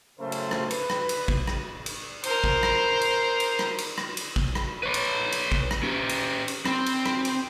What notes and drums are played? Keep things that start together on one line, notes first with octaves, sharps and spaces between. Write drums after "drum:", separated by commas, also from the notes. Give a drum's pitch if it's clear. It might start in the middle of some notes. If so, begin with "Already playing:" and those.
F#2 A2 C#3 A3 A#4 C5
drum: cymbal
drum: rim click
B4, drum: cymbal
drum: rim click
drum: cymbal
drum: kick
drum: rim click
drum: cymbal
A#4 C5, drum: cymbal
drum: kick
drum: rim click
drum: cymbal
drum: cymbal
drum: rim click
drum: cymbal
drum: rim click
drum: cymbal
drum: kick
drum: rim click
B4 C#5
drum: cymbal
drum: cymbal
drum: kick
drum: rim click
C#4 G4
drum: cymbal
drum: cymbal
C4, drum: rim click
drum: cymbal
drum: rim click
drum: cymbal